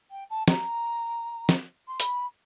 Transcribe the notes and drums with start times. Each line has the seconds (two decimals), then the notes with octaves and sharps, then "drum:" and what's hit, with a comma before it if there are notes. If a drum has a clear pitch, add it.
0.11 G5
0.30 A5
0.48 A#5, drum: snare
1.49 drum: snare
1.88 C6
2.00 B5, drum: hi-hat